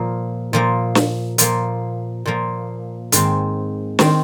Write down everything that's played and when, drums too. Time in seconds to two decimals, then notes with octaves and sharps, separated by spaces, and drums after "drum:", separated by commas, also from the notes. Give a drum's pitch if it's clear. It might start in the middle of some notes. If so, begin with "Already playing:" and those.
Already playing: A#2 F3 A#3
0.53 A#2 F3 A#3
0.95 drum: snare
1.38 A#2 F3 A#3, drum: hi-hat
2.26 A#2 F3 A#3
3.12 G#2 D#3 C4, drum: hi-hat
3.99 D#3 C4, drum: snare